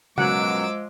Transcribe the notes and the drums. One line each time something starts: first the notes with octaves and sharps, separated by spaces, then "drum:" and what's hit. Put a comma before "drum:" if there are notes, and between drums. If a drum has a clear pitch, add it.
F#2 B2 F3 F#3 G#3 F#5 D6 E6, drum: tom C#3